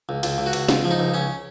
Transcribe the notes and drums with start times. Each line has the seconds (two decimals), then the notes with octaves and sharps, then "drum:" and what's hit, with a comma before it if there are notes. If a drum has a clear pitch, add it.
0.09 C#2
0.23 C#2 F4, drum: cymbal
0.38 C#2
0.46 F#4
0.53 C#2, drum: cymbal
0.68 C#2 F4, drum: snare
0.84 F3
0.91 D#4
0.99 C#2
1.14 C#2 C#4